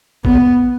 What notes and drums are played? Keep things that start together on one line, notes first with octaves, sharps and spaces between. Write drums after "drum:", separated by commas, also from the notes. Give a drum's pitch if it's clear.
B3, drum: kick